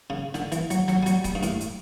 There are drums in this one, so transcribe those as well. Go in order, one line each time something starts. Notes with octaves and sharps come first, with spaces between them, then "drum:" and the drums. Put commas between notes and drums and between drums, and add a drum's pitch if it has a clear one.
C#3
D3, drum: snare
E3, drum: hi-hat
F#3, drum: hi-hat
F#3, drum: snare
G3
F#3, drum: hi-hat
G3, drum: kick C#1, hi-hat
G2
A2, drum: hi-hat
drum: hi-hat